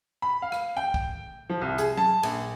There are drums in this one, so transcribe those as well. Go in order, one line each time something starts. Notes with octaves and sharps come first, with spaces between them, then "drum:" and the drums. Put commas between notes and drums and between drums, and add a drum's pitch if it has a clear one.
B5
F5
drum: rim click
G5
drum: kick
F3
C2
G#4, drum: hi-hat
A5, drum: tom F#3
A#1, drum: cymbal